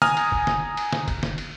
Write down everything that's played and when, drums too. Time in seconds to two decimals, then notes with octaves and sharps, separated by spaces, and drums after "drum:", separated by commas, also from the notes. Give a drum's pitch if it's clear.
0.02 G#5 A#5 D#6 F6, drum: snare
0.17 drum: cymbal
0.32 drum: kick F1
0.47 drum: snare
0.77 drum: cymbal
0.93 drum: snare
1.08 drum: kick F1, cymbal
1.23 drum: snare
1.38 drum: cymbal